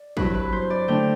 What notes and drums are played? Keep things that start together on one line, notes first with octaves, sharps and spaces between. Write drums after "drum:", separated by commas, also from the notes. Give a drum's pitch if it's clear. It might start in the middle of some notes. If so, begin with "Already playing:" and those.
Already playing: D5
G2 F#3 C4 E4 B4, drum: kick
B4
C5
D5
D3 A3 D4 G5